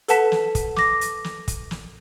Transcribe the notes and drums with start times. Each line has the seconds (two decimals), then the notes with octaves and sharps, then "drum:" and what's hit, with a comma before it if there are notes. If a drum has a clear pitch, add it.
0.08 A4 B4 F#5 A5 B6 E7, drum: hi-hat
0.32 drum: snare
0.55 drum: kick, hi-hat
0.77 D6 A#6, drum: snare
1.01 drum: hi-hat
1.24 drum: snare
1.48 drum: kick, hi-hat
1.71 drum: snare